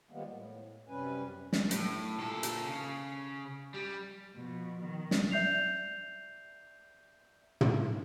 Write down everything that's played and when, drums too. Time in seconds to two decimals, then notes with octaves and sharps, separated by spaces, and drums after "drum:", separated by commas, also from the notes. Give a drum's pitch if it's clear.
0.11 D#3 F3 G3 G#3 A#3 B3
0.29 A2
0.88 F#2 C3 G3 C#4 B4 G#5
1.53 drum: snare
1.71 A2, drum: hi-hat
2.20 A#2 A4
2.43 drum: hi-hat
2.66 C#3
3.74 G3
4.36 B2 F3
4.85 D#3
5.11 drum: snare
5.31 D5 E5 G6 C7 F7
7.61 drum: tom